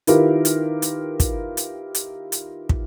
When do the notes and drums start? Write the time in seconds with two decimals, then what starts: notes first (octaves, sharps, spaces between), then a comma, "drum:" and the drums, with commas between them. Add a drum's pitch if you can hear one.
0.07 D#3 E4 F4 G4 A#4 B4, drum: hi-hat
0.45 drum: hi-hat
0.82 drum: hi-hat
1.20 drum: kick, hi-hat
1.57 drum: hi-hat
1.95 drum: hi-hat
2.32 drum: hi-hat
2.69 drum: kick